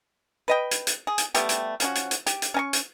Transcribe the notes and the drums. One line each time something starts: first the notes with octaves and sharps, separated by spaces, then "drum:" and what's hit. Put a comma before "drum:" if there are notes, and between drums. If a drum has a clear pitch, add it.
B4 D#5 G5
drum: hi-hat
drum: hi-hat
G#4
drum: hi-hat
G3 A3 B3 G4, drum: hi-hat
drum: hi-hat
F3 C#4 F#4, drum: hi-hat
drum: hi-hat
drum: hi-hat
G4, drum: hi-hat
drum: hi-hat
C#4 G#5 C#6
drum: hi-hat